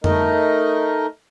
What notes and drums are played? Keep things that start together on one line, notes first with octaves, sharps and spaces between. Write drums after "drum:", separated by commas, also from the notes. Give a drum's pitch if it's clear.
A3 D#4 A#4 D#5, drum: tom F2